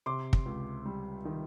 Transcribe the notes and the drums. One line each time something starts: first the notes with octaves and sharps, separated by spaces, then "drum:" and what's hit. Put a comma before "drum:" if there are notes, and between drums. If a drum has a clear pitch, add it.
C3 C6 D6
drum: kick
C#2
G3
D#3